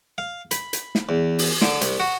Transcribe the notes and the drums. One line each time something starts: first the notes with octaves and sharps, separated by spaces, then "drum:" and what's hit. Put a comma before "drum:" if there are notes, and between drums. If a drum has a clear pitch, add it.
F5
B5, drum: hi-hat
drum: hi-hat
drum: snare
E2
drum: open hi-hat
D3, drum: snare
C2, drum: hi-hat
F#4